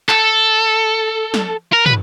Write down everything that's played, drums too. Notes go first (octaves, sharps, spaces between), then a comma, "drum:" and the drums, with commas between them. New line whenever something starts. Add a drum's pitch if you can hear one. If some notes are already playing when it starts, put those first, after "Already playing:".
A4, drum: clap
drum: snare
A#4
B4, drum: tom